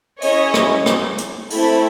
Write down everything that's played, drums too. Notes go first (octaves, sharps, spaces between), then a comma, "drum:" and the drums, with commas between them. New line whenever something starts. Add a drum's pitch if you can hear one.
C#4 E4 G#4 C#5 D#5, drum: open hi-hat
drum: rim click
drum: rim click
drum: hi-hat
A3 C4 E4 A4, drum: open hi-hat